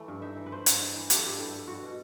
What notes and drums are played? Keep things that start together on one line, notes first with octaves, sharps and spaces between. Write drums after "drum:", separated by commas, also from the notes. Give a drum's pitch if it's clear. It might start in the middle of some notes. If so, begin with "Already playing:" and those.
Already playing: E3 A3
G2
D#4 E5
E3
B4
A3 C5
G2, drum: hi-hat
D#4
E3
A3 G4, drum: hi-hat
A4
G2 G4
E4 A4
G3
B3 F#4
B2